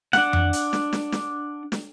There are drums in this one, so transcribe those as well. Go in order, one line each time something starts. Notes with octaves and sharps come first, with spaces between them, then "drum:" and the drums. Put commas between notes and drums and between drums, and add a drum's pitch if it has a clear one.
D4 F#5, drum: snare
drum: tom F2
drum: hi-hat
drum: snare
drum: snare
drum: snare
drum: snare